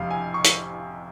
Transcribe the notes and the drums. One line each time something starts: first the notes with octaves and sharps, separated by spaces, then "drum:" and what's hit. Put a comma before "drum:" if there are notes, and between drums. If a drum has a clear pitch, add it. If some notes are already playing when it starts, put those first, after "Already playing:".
Already playing: F1 F2 C3 F5
G#5
C#6
drum: hi-hat